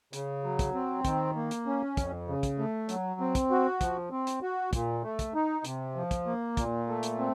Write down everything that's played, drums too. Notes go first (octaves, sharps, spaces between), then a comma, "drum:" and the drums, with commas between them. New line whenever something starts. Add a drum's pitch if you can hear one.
C#3, drum: hi-hat
F#3
drum: kick, hi-hat
C4
D#3, drum: kick, hi-hat
A#3
drum: hi-hat
C#4
F2, drum: kick, hi-hat
C#3
drum: kick, hi-hat
A3
F#3, drum: hi-hat
C4
drum: kick, hi-hat
F#4
F3, drum: kick, hi-hat
C4
drum: hi-hat
F#4
A#2, drum: kick, hi-hat
A3
drum: kick, hi-hat
D#4
C3, drum: hi-hat
F3
drum: kick, hi-hat
A#3
A#2, drum: kick, hi-hat
A3
drum: hi-hat
C4